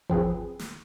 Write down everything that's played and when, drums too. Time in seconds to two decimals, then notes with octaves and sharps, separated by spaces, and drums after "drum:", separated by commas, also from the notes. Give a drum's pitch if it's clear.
0.10 F3 C4 G#4 B4, drum: kick G#1
0.59 drum: snare